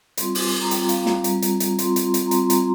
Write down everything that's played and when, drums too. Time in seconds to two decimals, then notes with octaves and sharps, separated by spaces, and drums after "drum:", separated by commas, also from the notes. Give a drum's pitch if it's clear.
0.17 G3 C4 F4 C6, drum: hi-hat
0.35 D6, drum: open hi-hat
0.61 A#5
0.71 G3 C4 F4 G5, drum: hi-hat
0.89 F5, drum: hi-hat
1.06 A#5, drum: snare
1.24 G3 C4 F4, drum: hi-hat
1.42 drum: hi-hat
1.60 drum: hi-hat
1.79 G3 C4 F4 C6, drum: hi-hat
1.96 drum: hi-hat
2.14 drum: hi-hat
2.27 A#5
2.31 G3 C4 F4 C6, drum: hi-hat
2.50 A#5, drum: hi-hat